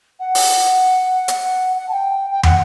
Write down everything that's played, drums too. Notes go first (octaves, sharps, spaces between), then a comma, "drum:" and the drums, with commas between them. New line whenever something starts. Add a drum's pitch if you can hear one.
F#5
drum: open hi-hat
drum: hi-hat
F#5
A5
G5
G5
F#5, drum: tom